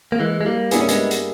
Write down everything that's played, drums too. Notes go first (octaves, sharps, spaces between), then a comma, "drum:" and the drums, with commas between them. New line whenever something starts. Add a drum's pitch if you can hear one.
A#3
E3 G#3
G#3
G3 A#3
G2 G3 A#3 B3 E4 G#4, drum: hi-hat
C#4
G#3 B3, drum: hi-hat
drum: hi-hat